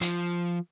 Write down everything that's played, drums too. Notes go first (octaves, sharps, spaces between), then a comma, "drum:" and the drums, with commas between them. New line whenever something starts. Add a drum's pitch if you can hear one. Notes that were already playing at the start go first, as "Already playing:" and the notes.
F3, drum: hi-hat